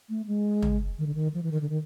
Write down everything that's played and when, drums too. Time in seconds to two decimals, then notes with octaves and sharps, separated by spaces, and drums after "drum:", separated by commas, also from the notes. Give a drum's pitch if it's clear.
0.09 A3
0.27 G#3
0.62 drum: tom
0.98 D#3
1.07 D3
1.15 D#3
1.34 F3
1.43 E3
1.51 D#3
1.61 D3
1.70 D#3